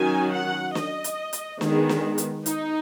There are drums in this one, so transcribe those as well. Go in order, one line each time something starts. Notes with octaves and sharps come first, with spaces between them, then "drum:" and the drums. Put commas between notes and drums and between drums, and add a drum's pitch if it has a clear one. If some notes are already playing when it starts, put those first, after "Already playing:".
Already playing: D#3 F#3 C#4 G#5
F#5
D#5, drum: snare
drum: hi-hat
drum: hi-hat
D#3 G#3 B3 G#4, drum: snare
drum: snare
drum: hi-hat
D#4, drum: hi-hat